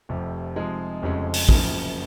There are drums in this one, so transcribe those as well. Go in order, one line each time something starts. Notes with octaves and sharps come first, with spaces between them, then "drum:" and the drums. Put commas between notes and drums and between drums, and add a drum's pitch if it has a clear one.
F1 F2 C3
C3 F3 G#3 D#4
F1 F2 C#3 G#3 C#4
drum: open hi-hat
F#1 F#2 C#3 F3, drum: kick